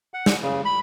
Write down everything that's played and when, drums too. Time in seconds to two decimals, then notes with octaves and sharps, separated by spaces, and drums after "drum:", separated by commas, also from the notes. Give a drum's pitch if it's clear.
0.14 F#5
0.26 drum: snare
0.42 C#3
0.65 B5